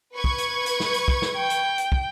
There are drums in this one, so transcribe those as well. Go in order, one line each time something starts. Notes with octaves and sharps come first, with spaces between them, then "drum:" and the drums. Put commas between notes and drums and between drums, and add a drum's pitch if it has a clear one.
B4 C#6 G#6
drum: kick
drum: hi-hat
drum: hi-hat
drum: snare
drum: hi-hat
drum: kick
drum: snare
G5
drum: hi-hat
drum: hi-hat
drum: kick